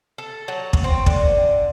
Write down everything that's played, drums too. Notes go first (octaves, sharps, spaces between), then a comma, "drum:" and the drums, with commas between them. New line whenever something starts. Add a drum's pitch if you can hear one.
A4
F#3
drum: kick
C4
D3, drum: kick